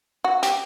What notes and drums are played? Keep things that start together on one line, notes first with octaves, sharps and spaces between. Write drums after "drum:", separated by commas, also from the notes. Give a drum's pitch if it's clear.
F#4
G4, drum: hi-hat